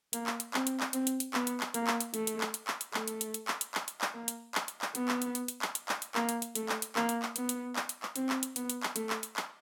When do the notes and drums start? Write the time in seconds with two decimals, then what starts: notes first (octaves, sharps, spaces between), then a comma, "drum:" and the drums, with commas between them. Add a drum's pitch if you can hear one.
0.13 A#3, drum: hi-hat
0.27 drum: clap
0.40 drum: hi-hat
0.54 C4, drum: clap
0.67 drum: hi-hat
0.80 drum: clap
0.93 C4, drum: hi-hat
1.07 drum: hi-hat
1.20 drum: hi-hat
1.34 B3, drum: clap
1.47 drum: hi-hat
1.60 drum: clap
1.74 A#3, drum: hi-hat
1.87 drum: clap
2.01 drum: hi-hat
2.14 A3, drum: hi-hat
2.27 drum: hi-hat
2.41 drum: clap
2.54 drum: hi-hat
2.67 drum: clap
2.81 drum: hi-hat
2.94 A3, drum: clap
3.08 drum: hi-hat
3.21 drum: hi-hat
3.34 drum: hi-hat
3.48 drum: clap
3.61 drum: hi-hat
3.74 drum: clap
3.88 drum: hi-hat
4.01 drum: clap
4.14 A#3
4.28 drum: hi-hat
4.55 drum: clap
4.68 drum: hi-hat
4.82 drum: clap
4.95 B3, drum: hi-hat
5.08 drum: clap
5.22 drum: hi-hat
5.35 drum: hi-hat
5.48 drum: hi-hat
5.62 drum: clap
5.75 drum: hi-hat
5.89 drum: clap
6.02 drum: hi-hat
6.15 A#3, drum: clap
6.29 drum: hi-hat
6.42 drum: hi-hat
6.55 A3, drum: hi-hat
6.69 drum: clap
6.82 drum: hi-hat
6.96 A#3, drum: clap
7.09 drum: hi-hat
7.22 drum: clap
7.36 B3, drum: hi-hat
7.49 drum: hi-hat
7.76 drum: clap
7.89 drum: hi-hat
8.03 drum: clap
8.16 C4, drum: hi-hat
8.29 drum: clap
8.43 drum: hi-hat
8.56 B3, drum: hi-hat
8.70 drum: hi-hat
8.83 drum: clap
8.96 A3, drum: hi-hat
9.10 drum: clap
9.23 drum: hi-hat
9.36 drum: clap